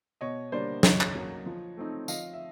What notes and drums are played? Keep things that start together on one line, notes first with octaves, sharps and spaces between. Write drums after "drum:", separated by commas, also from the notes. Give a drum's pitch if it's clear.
B2 C#5 D#5
G3 A#3 D4 C5 D5
C#3 C#5 D#5, drum: snare
drum: clap
F#3 A#3
F3
A3 C4 D#4
F3 D#5 F5, drum: tambourine
E5